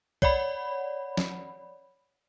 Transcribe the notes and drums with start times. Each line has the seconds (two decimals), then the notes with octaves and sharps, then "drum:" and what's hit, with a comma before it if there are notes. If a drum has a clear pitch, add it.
0.22 C#5 D5 F#5 B5, drum: kick B1
1.17 drum: snare